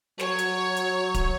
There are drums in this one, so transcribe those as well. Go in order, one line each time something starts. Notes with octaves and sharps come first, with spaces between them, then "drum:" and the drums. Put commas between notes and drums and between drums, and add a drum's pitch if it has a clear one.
F#3 C#5, drum: snare
drum: hi-hat
drum: hi-hat
drum: kick D1, hi-hat